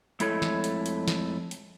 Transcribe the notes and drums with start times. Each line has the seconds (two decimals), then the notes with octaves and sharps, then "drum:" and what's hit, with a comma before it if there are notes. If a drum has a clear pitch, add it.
0.20 F2 G#3 A3 E4 A4 C#5, drum: hi-hat
0.42 drum: snare
0.64 drum: hi-hat
0.86 drum: hi-hat
1.08 drum: snare
1.51 drum: hi-hat